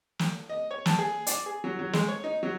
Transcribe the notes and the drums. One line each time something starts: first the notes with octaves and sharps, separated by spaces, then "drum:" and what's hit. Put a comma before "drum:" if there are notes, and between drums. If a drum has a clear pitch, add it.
drum: snare
D#5
C#5
A5, drum: snare
G#4
D5, drum: hi-hat
G#4
F#3
F#3
G#3, drum: snare
C#5
D#4
F#3